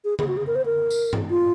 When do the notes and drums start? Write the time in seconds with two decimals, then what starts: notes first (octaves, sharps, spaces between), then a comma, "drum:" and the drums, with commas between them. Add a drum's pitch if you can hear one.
0.05 G#4
0.19 G#4, drum: tom C#3
0.28 F#4
0.37 G#4
0.47 A#4
0.55 C5
0.66 A#4
0.90 drum: tambourine
1.13 drum: tom G2
1.30 F4